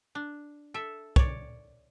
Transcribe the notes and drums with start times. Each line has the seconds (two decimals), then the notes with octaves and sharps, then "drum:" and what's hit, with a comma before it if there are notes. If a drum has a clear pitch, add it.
0.15 D4
0.74 A4 E5
1.16 C#5 D5, drum: kick